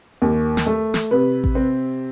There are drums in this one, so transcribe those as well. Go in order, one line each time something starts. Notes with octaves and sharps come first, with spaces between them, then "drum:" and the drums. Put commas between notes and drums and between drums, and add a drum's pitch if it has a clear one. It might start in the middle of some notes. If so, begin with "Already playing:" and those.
D#2
drum: snare
A3
drum: snare
C3 B4
drum: kick A1
C4